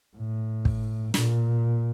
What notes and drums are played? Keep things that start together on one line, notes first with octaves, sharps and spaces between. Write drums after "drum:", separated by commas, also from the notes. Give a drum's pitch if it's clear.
A2
drum: kick
A#2, drum: snare